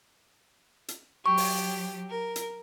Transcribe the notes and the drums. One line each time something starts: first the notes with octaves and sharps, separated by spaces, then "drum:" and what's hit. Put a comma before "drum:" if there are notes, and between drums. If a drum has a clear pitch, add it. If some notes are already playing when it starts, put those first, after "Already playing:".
drum: hi-hat
F#3 G4 C#6
drum: open hi-hat
A#4
drum: hi-hat